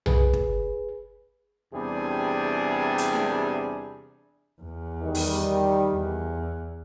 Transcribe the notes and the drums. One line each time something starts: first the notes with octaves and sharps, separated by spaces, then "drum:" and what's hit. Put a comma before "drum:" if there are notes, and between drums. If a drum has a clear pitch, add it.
G#4 B4, drum: tom B1
drum: kick
E2 C3 G3 D4 G#4
drum: hi-hat
drum: snare
E2
D#3 G3
drum: open hi-hat
E2